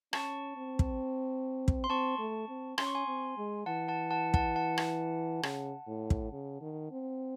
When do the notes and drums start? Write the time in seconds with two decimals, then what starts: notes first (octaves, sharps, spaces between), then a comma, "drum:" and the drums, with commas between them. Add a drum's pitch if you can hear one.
0.13 C#4 A5 C#6, drum: rim click
0.57 C4
0.79 drum: kick
1.68 drum: kick
1.84 C6
1.90 C4 A5 C#6
2.19 A3
2.49 C4
2.78 C#4 C6, drum: rim click
2.87 C#6
2.95 G#5 C6
3.08 C4
3.38 G#3
3.66 E3 F#5 A5
3.88 F#5 A5
4.11 F#5 A5
4.34 F#5 A5, drum: kick
4.56 F#5 A5
4.78 drum: rim click
5.43 C#3, drum: rim click
5.88 A2
6.10 drum: kick
6.32 C#3
6.61 D#3
6.92 C4